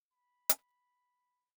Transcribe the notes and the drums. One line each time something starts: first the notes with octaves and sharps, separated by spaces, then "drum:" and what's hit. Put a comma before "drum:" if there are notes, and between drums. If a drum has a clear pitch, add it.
B5
drum: hi-hat